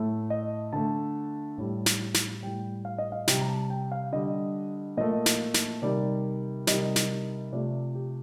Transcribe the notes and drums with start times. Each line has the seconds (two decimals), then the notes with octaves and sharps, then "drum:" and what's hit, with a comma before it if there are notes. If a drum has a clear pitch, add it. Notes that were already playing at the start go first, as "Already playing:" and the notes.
Already playing: A2 A3
0.30 D#5
0.73 D3 A3 A5
1.58 A2 G3
1.86 drum: snare
2.14 drum: snare
2.43 A2 G3 G5
2.85 F5
2.98 D#5
3.12 F5
3.28 C3 G3 G5, drum: snare
3.41 A#5
3.49 A5
3.70 G5
3.92 F5
4.12 D3 G3 D#5
4.97 A#2 A3 D#5
5.26 drum: snare
5.54 drum: snare
5.82 C3 D#3 G3 D5
6.67 C3 D#3 G3 D#5, drum: snare
6.96 drum: snare
7.52 C3 F3 A3 D5
7.95 G4